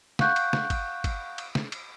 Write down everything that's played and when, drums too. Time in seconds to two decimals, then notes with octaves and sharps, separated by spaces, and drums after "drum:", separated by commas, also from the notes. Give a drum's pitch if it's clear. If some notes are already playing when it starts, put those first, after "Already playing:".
0.19 F5 F#5 C#6 F#6 G6, drum: snare
0.36 drum: cymbal
0.53 drum: snare
0.70 drum: kick G1, cymbal
1.04 drum: kick G1, cymbal
1.38 drum: cymbal
1.55 drum: snare
1.72 drum: cymbal